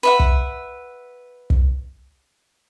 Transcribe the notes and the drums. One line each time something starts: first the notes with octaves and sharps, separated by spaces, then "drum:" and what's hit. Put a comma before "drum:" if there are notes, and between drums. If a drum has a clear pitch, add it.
B4 E5 F#5
drum: kick
drum: kick